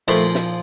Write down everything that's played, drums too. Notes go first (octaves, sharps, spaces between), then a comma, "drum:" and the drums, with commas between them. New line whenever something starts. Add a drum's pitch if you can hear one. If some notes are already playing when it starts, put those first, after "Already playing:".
A#2 F3 A3, drum: cymbal
drum: snare